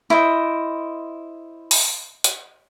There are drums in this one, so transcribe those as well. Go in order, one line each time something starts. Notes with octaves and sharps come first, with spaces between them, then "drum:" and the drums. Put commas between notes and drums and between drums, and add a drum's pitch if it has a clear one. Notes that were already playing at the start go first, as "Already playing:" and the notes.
E4 C5 D#5
drum: open hi-hat
drum: hi-hat